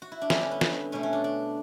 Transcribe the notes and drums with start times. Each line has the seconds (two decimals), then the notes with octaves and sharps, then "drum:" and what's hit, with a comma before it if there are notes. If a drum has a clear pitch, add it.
0.02 F#4
0.12 E4
0.22 D4
0.30 D3 G3 C#4, drum: snare
0.41 C#4
0.51 B3
0.61 drum: snare
0.92 B2 A3 C#4
1.03 C#4
1.13 D4
1.24 D4